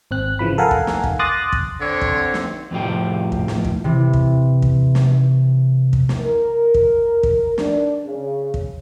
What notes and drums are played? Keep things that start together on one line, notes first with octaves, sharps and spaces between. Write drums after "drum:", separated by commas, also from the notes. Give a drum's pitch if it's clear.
G#1 C4 F#6
C#3 E3 F3 B5
A4 A#4 F5 F#5 G#5 A#5
drum: kick
drum: snare
drum: kick
C6 D6 D#6 F#6 A6 A#6
drum: kick
D3 C4 C#5
drum: kick
drum: snare
F2 A2 F3 G4
drum: kick
drum: snare
drum: kick
C3 E3
drum: kick
drum: kick
drum: snare
drum: kick
drum: snare
A#4
drum: kick
drum: kick
D4, drum: snare
C#3
drum: kick